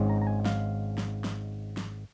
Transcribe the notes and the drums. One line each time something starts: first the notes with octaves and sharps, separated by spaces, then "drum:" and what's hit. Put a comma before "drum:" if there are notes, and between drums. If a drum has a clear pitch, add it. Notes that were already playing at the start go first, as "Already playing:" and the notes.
Already playing: G#1 G#2 G#3 C#4
A#5
A#5
G#5
F5, drum: snare
drum: snare
drum: snare
drum: snare